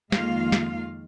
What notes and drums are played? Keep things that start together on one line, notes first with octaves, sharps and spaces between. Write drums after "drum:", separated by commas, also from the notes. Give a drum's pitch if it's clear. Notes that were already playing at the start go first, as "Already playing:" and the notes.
F2 D#3 G#3 A#3 F4 F5, drum: snare
drum: snare